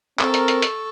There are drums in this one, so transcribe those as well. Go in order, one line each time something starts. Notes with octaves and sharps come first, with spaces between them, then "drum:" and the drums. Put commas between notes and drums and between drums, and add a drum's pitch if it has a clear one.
C4 A4 A#4 C#6, drum: clap
drum: hi-hat
drum: hi-hat
drum: hi-hat